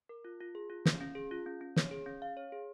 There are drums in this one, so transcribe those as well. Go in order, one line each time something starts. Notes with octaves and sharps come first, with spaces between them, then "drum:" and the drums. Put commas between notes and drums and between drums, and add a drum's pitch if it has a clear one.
A#4
F4
F4
G#4
F4
C#4, drum: snare
C#4
G#4
F4
C#4
C#4
C#5, drum: snare
G#4
C#4
F5
C#5
G#4